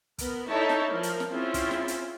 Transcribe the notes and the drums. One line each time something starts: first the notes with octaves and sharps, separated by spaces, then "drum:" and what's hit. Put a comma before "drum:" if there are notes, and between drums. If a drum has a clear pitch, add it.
B3 A#4, drum: kick, hi-hat
D#4 E4 A4 C#5 A5
drum: snare
F3 A#4
drum: hi-hat
drum: snare
C4 C#4 E4 F4 G#4
drum: kick, hi-hat
drum: snare
drum: hi-hat